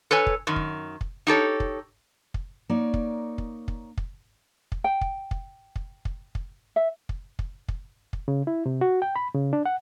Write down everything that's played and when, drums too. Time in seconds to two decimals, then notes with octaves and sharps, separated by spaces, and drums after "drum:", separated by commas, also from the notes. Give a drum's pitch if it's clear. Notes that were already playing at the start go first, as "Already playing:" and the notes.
0.11 A4 B4 C#5 G#5
0.27 drum: kick
0.47 F#2 D#3
0.56 drum: kick
1.01 drum: kick
1.27 D#4 G4 A4 C#5
1.60 drum: kick
2.34 drum: kick
2.69 A#3 D#4 C#5 D5
2.94 drum: kick
3.38 drum: kick
3.68 drum: kick
3.98 drum: kick
4.72 drum: kick
4.84 G5
5.01 drum: kick
5.31 drum: kick
5.76 drum: kick
6.05 drum: kick
6.35 drum: kick
6.76 E5
7.09 drum: kick
7.39 drum: kick
7.68 drum: kick
8.13 drum: kick
8.28 C#3
8.47 E4
8.66 C3
8.81 F#4
9.02 G5
9.16 B5
9.34 C#3
9.53 D4
9.66 F#5